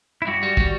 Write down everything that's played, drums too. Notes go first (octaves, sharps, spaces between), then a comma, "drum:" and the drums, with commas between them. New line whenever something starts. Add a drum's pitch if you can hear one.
E4
G2 F#4
G3
G3, drum: kick